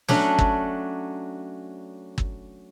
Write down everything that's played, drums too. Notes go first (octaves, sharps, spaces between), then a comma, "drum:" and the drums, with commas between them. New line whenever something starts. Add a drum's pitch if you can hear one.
F#3 A3 C#4 D4, drum: snare
drum: kick G1
drum: kick G1